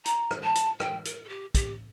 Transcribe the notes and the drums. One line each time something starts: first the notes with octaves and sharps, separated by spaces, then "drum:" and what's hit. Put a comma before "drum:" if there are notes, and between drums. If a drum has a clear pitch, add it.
A#5, drum: hi-hat
drum: rim click
A5
drum: hi-hat
G5, drum: rim click
A#4, drum: hi-hat
A4
G4
G4, drum: kick, hi-hat